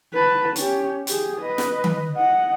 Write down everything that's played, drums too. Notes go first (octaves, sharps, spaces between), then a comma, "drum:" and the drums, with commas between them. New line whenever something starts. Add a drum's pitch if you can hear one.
B4 A5
C#4 G4, drum: hi-hat
G4 G#4, drum: hi-hat
B4 D#5
drum: snare
drum: tom D#3
D#5 F#5